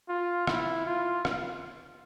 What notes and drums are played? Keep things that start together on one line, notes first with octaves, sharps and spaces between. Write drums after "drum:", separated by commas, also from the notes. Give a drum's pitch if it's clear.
F4
E4, drum: rim click
F4
drum: rim click